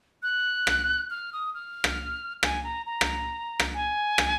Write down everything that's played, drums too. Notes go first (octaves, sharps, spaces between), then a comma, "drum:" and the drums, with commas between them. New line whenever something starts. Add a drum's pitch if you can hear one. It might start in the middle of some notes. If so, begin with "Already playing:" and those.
F#6
drum: rim click
F6
D#6
F6
drum: rim click
G#5, drum: rim click
A#5
A#5
drum: rim click
drum: rim click
G#5
drum: rim click